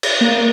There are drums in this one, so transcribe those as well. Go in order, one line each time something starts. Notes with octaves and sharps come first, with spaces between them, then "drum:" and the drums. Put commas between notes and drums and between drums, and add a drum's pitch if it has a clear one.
drum: cymbal
A#3